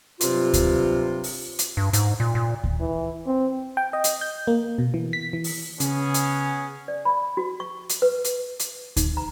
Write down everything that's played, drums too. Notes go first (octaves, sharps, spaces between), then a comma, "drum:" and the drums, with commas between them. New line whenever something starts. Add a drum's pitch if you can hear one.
G2 C3 F#3 F4, drum: hi-hat
drum: kick D2, hi-hat
drum: open hi-hat
drum: hi-hat
G2
G#2, drum: hi-hat
A#2
A#2
drum: kick D2
E3
C4
G5
D#5
drum: hi-hat
G6
A#3
B2
E3
B6
E3
drum: open hi-hat
C#3 B3 C#4 G#4, drum: hi-hat
drum: hi-hat
D5
B5
F#4
C#6
drum: hi-hat
B4
drum: hi-hat
drum: hi-hat
D#4, drum: kick D2, hi-hat
A#5